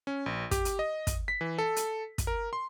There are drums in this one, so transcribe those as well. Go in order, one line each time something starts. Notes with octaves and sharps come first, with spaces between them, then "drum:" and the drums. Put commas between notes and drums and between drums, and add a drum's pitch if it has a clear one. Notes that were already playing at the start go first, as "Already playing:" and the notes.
C#4
A#1
G4, drum: kick, hi-hat
drum: hi-hat
D#5
drum: kick, hi-hat
B6
E3
A4
drum: hi-hat
drum: kick, hi-hat
A#4
C6